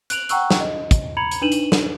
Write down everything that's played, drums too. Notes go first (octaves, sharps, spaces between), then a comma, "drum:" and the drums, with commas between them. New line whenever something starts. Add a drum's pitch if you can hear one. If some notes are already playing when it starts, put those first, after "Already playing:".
F#6 D7 F7 F#7, drum: hi-hat
F#5 G5 A#5 C#6 E6 F#6, drum: hi-hat
drum: snare
D#5
drum: kick, hi-hat
A#5 B5 G#6 C#7 F7 F#7
drum: hi-hat
D4 D#4 B4 D#7 E7 F#7
drum: hi-hat
drum: snare